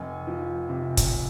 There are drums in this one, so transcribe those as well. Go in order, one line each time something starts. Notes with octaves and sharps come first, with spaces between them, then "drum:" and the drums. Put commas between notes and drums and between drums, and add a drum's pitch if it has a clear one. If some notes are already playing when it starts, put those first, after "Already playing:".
Already playing: F1 G#5
F3
C3
drum: kick, hi-hat